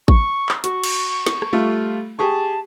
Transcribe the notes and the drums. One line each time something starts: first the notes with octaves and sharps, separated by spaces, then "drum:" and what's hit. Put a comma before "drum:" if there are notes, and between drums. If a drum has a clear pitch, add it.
C#6, drum: kick A1
drum: clap
F#4 C#6, drum: hi-hat
drum: cymbal
drum: snare
drum: rim click
G3 A3 F4
G4 G#4 A5 C#6